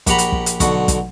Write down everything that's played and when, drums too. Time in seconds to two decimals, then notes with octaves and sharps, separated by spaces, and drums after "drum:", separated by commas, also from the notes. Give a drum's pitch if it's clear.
0.07 A#1 G4 F#5 A#5 B5, drum: kick, hi-hat
0.18 drum: hi-hat
0.32 drum: kick
0.46 drum: hi-hat
0.60 B1 D3 F#4, drum: kick, hi-hat
0.88 drum: kick, hi-hat